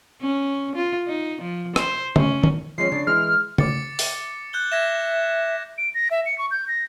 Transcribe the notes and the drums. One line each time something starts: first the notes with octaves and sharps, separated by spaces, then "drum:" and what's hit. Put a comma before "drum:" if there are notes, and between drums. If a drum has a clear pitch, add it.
C#4
F4
D#4
F3
C5, drum: rim click
C#4, drum: tom C#3
drum: tom D#3
F3 G#3 C#4 C7
C#3 D4
E3 G#3 F6
D6 A6 C#7, drum: tom C#3
drum: open hi-hat
F#6 G6 G7
E5 G#6 A#6 E7
D7
A#6
E5
C#7
C#6
G6
A#6